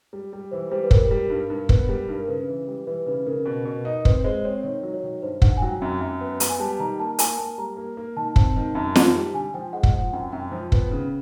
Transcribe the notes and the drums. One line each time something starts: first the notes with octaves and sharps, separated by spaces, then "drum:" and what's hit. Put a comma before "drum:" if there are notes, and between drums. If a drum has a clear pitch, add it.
G3
G3
E3 C5
G3 C5
B4
G3 A#4, drum: kick
G3
G2
G2
B3, drum: kick
G3
G2
A#4
C#3 B4
E3
G3
E3 B4
C#3 B4
C#3 A#4
B2
B2
D#4
C4 B4, drum: kick
G#3 C5
C4 C#5
D#3 C#5
F#3
C#5
D#3
G2 C5
G2 F#5, drum: kick
G#5
F#3 G5
F#2 G5
F#2
B3
B3, drum: hi-hat
G#5
G3 A5
D#3 A#5
A#3 A5
A#3 G#5, drum: hi-hat
A#3 A5
G3 A#5
A#3
A#3
D#3 A5
C4, drum: kick
D#3
F#2 A5
D#3, drum: snare
G3
D3 G#5
F3 G5
G#3 F#5
drum: kick
F3 F#5
F#2 G5
F#2 G5
F3
B3, drum: kick
C#3